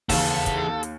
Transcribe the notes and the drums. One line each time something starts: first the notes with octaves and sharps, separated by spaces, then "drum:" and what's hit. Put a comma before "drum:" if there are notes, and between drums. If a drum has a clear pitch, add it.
D#2 C#3 E3 B3 A4 F5 E7, drum: kick, open hi-hat
drum: kick, hi-hat
drum: hi-hat